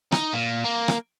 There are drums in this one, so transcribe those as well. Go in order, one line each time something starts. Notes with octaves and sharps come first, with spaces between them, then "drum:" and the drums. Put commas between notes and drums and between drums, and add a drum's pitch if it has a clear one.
D#4, drum: rim click
A#2
A#3
drum: rim click